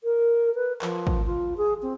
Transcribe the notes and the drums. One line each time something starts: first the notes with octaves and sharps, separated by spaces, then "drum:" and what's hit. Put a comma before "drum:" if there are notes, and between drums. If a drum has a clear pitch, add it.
A#4
B4
F3, drum: clap
drum: kick
F4
G#4
C4